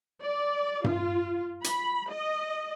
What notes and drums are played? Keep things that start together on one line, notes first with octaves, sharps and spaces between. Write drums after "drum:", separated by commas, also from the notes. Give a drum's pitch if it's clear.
D5
F4, drum: tom G2
B5, drum: hi-hat
D#5